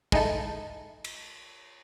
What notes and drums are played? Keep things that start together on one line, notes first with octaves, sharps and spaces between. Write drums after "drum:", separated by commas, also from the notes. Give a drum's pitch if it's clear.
G#3 D#4 E4 A4, drum: kick
drum: cymbal